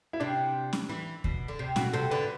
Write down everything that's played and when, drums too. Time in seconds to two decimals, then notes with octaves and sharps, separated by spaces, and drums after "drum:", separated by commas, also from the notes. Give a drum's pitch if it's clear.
0.13 E4
0.20 C3 D4
0.73 drum: snare C#4
0.89 E3
1.24 B2, drum: kick D2
1.48 D3
1.59 C3
1.76 B2 F#4, drum: snare C#4
1.93 C3 A4
2.11 D3 B4